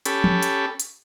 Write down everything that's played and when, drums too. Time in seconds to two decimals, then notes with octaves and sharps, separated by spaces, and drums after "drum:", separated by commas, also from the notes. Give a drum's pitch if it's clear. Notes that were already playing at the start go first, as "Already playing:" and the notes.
0.05 C#4 G4 A4 B5, drum: hi-hat
0.24 drum: tom
0.43 drum: hi-hat
0.80 drum: hi-hat